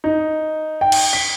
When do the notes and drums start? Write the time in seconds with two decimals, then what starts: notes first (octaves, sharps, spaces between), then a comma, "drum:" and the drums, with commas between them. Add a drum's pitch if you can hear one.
0.04 D#4
0.81 G5
0.92 drum: cymbal
1.13 B6